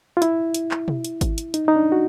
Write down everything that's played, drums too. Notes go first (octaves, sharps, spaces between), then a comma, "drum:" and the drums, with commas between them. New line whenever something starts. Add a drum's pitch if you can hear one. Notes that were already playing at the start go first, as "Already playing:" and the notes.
F4
E4, drum: hi-hat
drum: hi-hat
drum: clap
drum: tom B2
drum: hi-hat
drum: kick G#1, hi-hat
drum: hi-hat
D#4, drum: hi-hat
D#4
D4
F#4